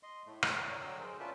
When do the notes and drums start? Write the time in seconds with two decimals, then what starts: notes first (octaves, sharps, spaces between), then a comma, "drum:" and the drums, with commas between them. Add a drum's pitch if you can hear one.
0.03 D#5 C6
0.26 A2 A3
0.43 drum: rim click
0.64 C#5 D5 A#5
0.81 D3 F#3 D#5 G5 E6
0.99 G#4 A#4 C5
1.20 C#4 F4 B4 D5 E5 A5